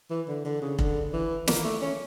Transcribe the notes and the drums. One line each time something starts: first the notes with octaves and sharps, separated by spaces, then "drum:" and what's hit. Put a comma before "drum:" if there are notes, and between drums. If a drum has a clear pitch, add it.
E3
D3
D3
C#3
D3, drum: kick
E3
A#3, drum: snare
A3
C#4